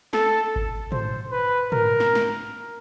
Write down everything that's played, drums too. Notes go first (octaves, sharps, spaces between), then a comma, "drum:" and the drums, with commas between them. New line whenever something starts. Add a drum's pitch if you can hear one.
A4, drum: snare
drum: kick G#1
C5, drum: tom
B4
A#4, drum: tom
drum: snare
drum: snare